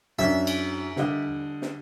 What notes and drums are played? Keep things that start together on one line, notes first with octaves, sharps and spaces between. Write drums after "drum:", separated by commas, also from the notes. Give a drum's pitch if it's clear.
F#2 C#4 D4 E5
drum: cymbal
D3 G3 D#5, drum: snare
drum: snare